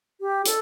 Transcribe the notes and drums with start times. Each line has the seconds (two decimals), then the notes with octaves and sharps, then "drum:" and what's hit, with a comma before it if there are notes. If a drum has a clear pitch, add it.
0.21 G4
0.46 A4, drum: hi-hat